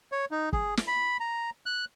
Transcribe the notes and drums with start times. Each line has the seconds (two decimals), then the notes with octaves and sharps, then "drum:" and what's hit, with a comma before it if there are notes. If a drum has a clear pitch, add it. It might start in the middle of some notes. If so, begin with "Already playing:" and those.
0.12 C#5
0.31 D#4
0.53 G#4, drum: kick
0.77 drum: snare
0.87 B5
1.20 A#5
1.66 F#6